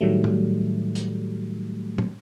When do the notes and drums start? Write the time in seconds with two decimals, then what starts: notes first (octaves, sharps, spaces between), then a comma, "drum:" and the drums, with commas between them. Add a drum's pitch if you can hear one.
0.01 A2 D#3 F#3 G3 A3
0.24 drum: tom
0.95 drum: hi-hat
1.98 drum: tom